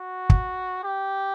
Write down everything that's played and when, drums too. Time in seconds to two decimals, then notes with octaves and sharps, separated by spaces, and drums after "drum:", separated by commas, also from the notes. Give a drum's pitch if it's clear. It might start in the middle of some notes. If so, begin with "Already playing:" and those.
Already playing: F#4
0.30 drum: kick
0.83 G4